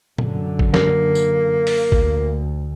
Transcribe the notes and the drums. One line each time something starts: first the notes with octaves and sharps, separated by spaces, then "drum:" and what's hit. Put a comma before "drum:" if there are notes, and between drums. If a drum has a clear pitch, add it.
F#2 D3, drum: tom A#2
drum: kick
A#3, drum: snare
drum: tambourine
drum: open hi-hat
D2, drum: kick